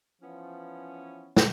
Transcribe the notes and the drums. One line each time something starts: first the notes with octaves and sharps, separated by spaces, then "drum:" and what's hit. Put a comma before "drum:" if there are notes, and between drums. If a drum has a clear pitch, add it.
E3 F3 B3 C#4
drum: snare